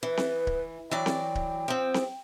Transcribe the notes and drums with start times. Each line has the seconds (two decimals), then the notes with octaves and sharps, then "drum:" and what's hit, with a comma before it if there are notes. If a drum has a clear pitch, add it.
0.03 E3 B4
0.17 drum: snare C4
0.47 drum: kick D1
0.91 E3 F#3 D5 G5
1.06 drum: snare C4
1.35 drum: kick D1
1.68 F3 C4
1.94 drum: snare C4